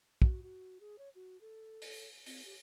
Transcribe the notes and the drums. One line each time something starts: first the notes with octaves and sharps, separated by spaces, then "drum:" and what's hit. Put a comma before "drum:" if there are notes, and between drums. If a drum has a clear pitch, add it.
F#4, drum: kick
F#4
G#4
C#5
F#4
A4
drum: open hi-hat
C4, drum: open hi-hat
G4